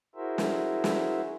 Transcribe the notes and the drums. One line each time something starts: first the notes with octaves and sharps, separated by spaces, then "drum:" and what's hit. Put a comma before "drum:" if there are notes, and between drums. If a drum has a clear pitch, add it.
E4 F#4 G#4 A#4 C5 E5
drum: snare
drum: snare